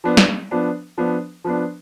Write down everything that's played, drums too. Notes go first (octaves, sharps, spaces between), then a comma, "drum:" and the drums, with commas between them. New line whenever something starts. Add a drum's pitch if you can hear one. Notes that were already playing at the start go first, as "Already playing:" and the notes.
F3 B3 D4
drum: snare
F3 B3 D4
F3 B3 D4
F3 B3 D4